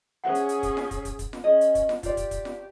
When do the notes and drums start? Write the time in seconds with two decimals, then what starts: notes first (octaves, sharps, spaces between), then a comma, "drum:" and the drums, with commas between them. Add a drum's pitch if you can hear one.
0.24 C#4 G#4 C5 E5 F#5
0.35 drum: hi-hat
0.49 drum: hi-hat
0.63 drum: kick, hi-hat
0.77 drum: snare F4
0.91 drum: kick, hi-hat
1.05 drum: kick, hi-hat
1.19 drum: kick, hi-hat
1.33 drum: snare F4
1.44 C#4 G#4 D#5
1.61 drum: hi-hat
1.75 drum: kick, hi-hat
1.89 drum: snare F4
2.03 F4 G4 D5, drum: kick, hi-hat
2.17 drum: kick, hi-hat
2.31 drum: kick, hi-hat
2.45 drum: snare F4